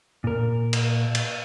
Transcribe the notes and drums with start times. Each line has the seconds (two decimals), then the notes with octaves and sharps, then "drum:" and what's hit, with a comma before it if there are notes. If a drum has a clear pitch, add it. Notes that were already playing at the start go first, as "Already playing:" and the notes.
0.24 A#2 A#4
0.73 drum: cymbal
1.15 drum: cymbal